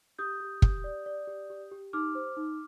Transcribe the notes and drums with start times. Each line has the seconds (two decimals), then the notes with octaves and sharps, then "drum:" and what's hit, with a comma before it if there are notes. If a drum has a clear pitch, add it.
0.19 G4 D#6 G6
0.40 G4
0.62 G4, drum: kick
0.84 D5
1.06 D5
1.27 G4
1.50 G4
1.72 G4
1.93 D#4 D6 F6
2.15 C5
2.37 D#4